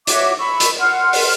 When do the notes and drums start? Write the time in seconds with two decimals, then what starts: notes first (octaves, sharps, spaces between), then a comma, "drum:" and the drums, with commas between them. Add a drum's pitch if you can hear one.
0.07 F#4 C#5 E5 D6, drum: hi-hat
0.38 B5 C#6 E6
0.60 drum: hi-hat
0.79 F#5 C6 F6
1.13 drum: open hi-hat